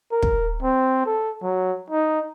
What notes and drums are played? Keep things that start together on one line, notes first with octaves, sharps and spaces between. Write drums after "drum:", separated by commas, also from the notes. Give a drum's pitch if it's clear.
A#4
drum: kick
C4
A4
F#3
D#4